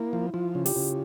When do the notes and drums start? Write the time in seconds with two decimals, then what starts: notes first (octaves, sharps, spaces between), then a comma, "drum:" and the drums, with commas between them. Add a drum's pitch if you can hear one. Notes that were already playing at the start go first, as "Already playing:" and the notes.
Already playing: A#3 E4
0.13 F3
0.34 F3 F4
0.55 C#3
0.66 G4, drum: open hi-hat
0.76 C#3